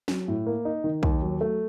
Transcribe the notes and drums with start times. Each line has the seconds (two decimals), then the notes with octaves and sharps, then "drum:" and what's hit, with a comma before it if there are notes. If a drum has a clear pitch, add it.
0.08 F#3, drum: snare
0.28 A2
0.46 A#3
0.65 D#4
0.84 D#3
1.03 D#2, drum: kick
1.22 F#3
1.41 A3